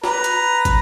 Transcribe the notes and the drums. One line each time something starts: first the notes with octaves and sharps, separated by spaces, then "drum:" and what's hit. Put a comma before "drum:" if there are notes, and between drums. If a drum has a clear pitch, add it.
B4 A#5, drum: snare
drum: hi-hat
drum: kick, hi-hat